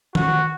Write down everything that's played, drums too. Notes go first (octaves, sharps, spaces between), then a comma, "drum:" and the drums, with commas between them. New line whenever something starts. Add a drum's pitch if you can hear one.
F#4, drum: tom D#3